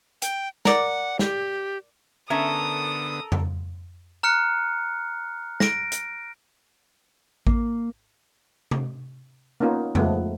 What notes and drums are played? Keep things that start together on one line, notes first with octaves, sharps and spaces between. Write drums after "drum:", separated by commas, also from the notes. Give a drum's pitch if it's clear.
G5, drum: hi-hat
A#4 D5 F#5, drum: snare
G4, drum: snare
D3 B3 C#4 A4 A#4 E5 A#5 D#6
drum: tom F2
A#5 F6 F#6 C#7
A#6 D7, drum: snare
drum: hi-hat
A#3, drum: kick A1
drum: tom C3
A#3 B3 C#4 D#4 F4
F3 G#3 A3 B3, drum: tom F2